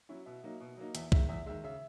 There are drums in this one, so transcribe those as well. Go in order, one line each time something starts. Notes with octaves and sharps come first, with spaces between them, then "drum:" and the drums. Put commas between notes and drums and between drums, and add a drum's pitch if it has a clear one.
F#3 C#4 E4
B2 E5
F#3 A#3 D#4
B2
F#3 A#3 D#4
E2 E5, drum: hi-hat
D#3 G#3 E5, drum: kick
E2 E5
D#3 G#3 E5
C#3 E5